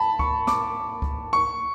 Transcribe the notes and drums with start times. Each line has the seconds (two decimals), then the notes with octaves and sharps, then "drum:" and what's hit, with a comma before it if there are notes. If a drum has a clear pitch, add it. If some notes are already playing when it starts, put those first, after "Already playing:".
Already playing: A5 B5
0.19 C#6, drum: kick C#2
0.47 D6, drum: snare
1.02 drum: kick C#2
1.33 C#6